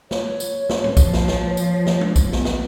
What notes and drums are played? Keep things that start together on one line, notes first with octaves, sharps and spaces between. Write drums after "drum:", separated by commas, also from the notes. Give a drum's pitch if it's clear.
C#5, drum: snare
drum: tambourine
drum: snare
drum: tom A2
F3 C#5, drum: kick, tambourine
drum: snare
drum: snare
drum: tambourine
drum: snare
drum: tom G#3
drum: kick, tambourine
B3, drum: snare
drum: snare